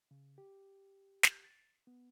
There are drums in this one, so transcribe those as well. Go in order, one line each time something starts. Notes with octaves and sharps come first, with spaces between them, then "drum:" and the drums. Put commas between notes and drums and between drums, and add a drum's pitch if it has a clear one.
C#3
G4
drum: snare
A6
B3